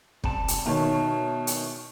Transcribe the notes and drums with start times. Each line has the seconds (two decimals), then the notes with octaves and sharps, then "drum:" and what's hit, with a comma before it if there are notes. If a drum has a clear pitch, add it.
0.24 C3 G3 A5, drum: kick
0.48 drum: hi-hat
0.66 B2 D#3 C#5 E5 A5
1.47 drum: hi-hat